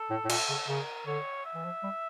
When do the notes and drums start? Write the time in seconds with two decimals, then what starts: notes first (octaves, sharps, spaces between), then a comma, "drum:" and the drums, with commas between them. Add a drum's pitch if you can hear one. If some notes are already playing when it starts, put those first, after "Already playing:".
Already playing: A4
0.10 A2
0.25 A2
0.30 A#2, drum: cymbal
0.49 C#3
0.68 C#3 A#4
1.06 D3 C#5
1.45 E5
1.55 E3
1.64 F3
1.83 G3